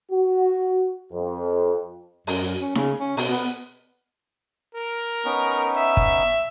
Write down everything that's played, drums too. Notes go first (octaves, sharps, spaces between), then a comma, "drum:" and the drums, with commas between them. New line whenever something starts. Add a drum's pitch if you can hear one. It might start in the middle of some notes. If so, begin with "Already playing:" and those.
F#4
F2
F#2, drum: open hi-hat
F#2
C#4
C#3, drum: snare D#4
C#4
B2, drum: open hi-hat
B3
A#4
B3 C#4 D#4
E5
drum: kick